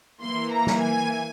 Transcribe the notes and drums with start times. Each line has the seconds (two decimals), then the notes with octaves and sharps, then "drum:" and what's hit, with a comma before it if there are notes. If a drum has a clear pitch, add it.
0.22 E3 A#3 C6
0.52 A#5
0.67 drum: snare
0.81 G#5